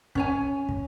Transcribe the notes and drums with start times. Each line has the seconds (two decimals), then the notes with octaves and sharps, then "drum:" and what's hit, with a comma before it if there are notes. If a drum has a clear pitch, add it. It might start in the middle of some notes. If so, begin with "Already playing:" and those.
0.15 C#4 C#5 G#5, drum: kick
0.69 drum: kick